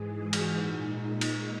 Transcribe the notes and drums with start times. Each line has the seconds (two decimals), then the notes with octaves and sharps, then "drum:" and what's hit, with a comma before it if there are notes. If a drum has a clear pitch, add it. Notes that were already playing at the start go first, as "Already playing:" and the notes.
Already playing: G#2 E3 G#3 G#4
0.14 F#4
0.33 drum: cymbal
0.53 A#2 G#3 D#4
1.21 drum: cymbal